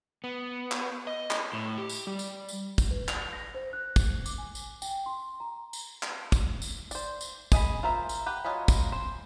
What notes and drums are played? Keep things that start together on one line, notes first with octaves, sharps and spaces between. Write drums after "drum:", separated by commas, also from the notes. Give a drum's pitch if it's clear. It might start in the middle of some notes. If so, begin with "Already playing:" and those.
B3
drum: clap
D#5
drum: clap
A2
G4
drum: tambourine
G3
drum: tambourine
drum: tambourine
drum: kick, tambourine
B4
F7, drum: clap
A#6
C5
F#6
drum: kick, tambourine
D6, drum: tambourine
G#5
drum: tambourine
G5, drum: tambourine
C6
A#5
drum: tambourine
drum: clap
drum: kick, tambourine
drum: tambourine
C5 D5, drum: tambourine
drum: tambourine
G#4 D#5 G#5 B5, drum: kick, tambourine
F4 A#4 C5 E5
drum: tambourine
G4 B4 F#5
F#3 F4 D#5 G#5 B5
drum: kick, tambourine
C5